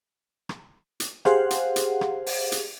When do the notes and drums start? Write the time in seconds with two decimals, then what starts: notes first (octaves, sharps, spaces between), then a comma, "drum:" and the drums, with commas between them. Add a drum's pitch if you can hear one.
0.49 drum: rim click
1.00 drum: hi-hat
1.25 G4 G#4 C5 F5 F#5, drum: rim click
1.50 drum: hi-hat
1.76 drum: hi-hat
2.01 drum: rim click
2.26 drum: open hi-hat
2.52 drum: hi-hat